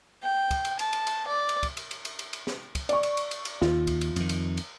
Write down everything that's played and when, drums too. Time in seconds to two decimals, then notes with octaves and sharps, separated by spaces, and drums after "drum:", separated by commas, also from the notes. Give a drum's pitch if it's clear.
0.23 G5
0.51 drum: kick, cymbal
0.65 drum: cymbal
0.79 A5, drum: cymbal
0.93 drum: cymbal
1.07 drum: cymbal
1.27 D5
1.49 drum: cymbal
1.63 drum: kick, cymbal
1.77 drum: cymbal
1.91 drum: cymbal
2.05 drum: cymbal
2.19 drum: cymbal
2.33 drum: cymbal
2.47 drum: snare
2.75 drum: kick, cymbal
2.89 D5 C#6, drum: cymbal
3.03 drum: cymbal
3.17 drum: cymbal
3.31 drum: cymbal
3.45 drum: cymbal
3.61 D#2 F4, drum: snare
3.87 drum: kick, cymbal
4.01 drum: cymbal
4.16 F2 D#3, drum: cymbal
4.29 drum: cymbal
4.57 drum: cymbal